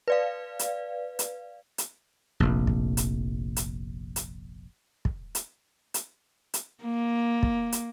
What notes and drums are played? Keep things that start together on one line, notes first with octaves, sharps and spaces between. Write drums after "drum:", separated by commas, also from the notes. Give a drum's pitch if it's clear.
B4 D5 F5
drum: hi-hat
drum: hi-hat
drum: hi-hat
F1 A#1
drum: kick
drum: hi-hat
drum: hi-hat
drum: hi-hat
drum: kick
drum: hi-hat
drum: hi-hat
drum: hi-hat
A#3
drum: kick
drum: hi-hat